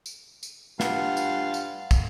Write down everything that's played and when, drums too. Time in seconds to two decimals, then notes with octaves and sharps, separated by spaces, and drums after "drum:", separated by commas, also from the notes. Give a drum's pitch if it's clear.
0.06 drum: tambourine
0.43 drum: tambourine
0.80 G2 F4 F5 F#5, drum: snare
1.17 drum: tambourine
1.54 drum: tambourine
1.91 drum: kick, tambourine